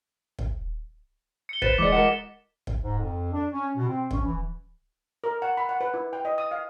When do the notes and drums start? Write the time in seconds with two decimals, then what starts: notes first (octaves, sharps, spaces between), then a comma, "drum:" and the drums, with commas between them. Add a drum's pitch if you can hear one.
0.38 drum: kick
1.49 C#7 G7
1.62 B4 C5 A6 B6 E7, drum: kick
1.78 E3 G#3 D5 D6 C#7
1.92 A#4 D#5 F#5
2.67 drum: kick
2.82 G#2
2.97 F2
3.32 D4
3.50 C#4
3.75 B2
3.88 C4
4.11 C#4, drum: kick
4.24 E3
5.24 A#4
5.42 F#5
5.57 B5
5.69 F#5
5.81 B4
5.94 E4
6.13 G5
6.25 D#5
6.38 D#6
6.51 F5